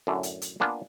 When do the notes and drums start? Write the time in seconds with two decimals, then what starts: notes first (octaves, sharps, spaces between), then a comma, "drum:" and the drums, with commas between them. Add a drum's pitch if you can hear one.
0.07 F#2 A2 D3
0.23 drum: hi-hat
0.42 drum: hi-hat
0.60 A#3 B3 D4 F4 G#5